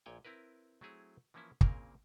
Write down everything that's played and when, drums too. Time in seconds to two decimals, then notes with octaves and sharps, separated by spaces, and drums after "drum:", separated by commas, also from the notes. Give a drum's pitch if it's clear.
0.06 A#1 A#2 C#5 G5 G#5
0.25 C4 E4 A#4 B4
0.81 F#3 A3 C4 E4 G#4 C#5
1.34 E3 F3 A#3 C#4 E4
1.61 A#2 C#3 A#3 C4 G#4 A#4, drum: kick